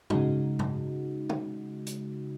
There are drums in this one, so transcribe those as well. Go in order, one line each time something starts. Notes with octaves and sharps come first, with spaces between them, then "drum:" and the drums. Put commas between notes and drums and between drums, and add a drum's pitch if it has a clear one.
C#3 G#3 D#4 F#4, drum: tom G2
drum: tom G2
drum: tom
drum: hi-hat